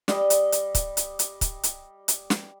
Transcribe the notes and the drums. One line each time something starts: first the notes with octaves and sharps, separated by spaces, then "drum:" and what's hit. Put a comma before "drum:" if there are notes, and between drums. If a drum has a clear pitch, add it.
G3 D#5, drum: snare
drum: hi-hat
drum: hi-hat
drum: kick, hi-hat
drum: hi-hat
drum: hi-hat
drum: kick, hi-hat
drum: hi-hat
drum: hi-hat
drum: snare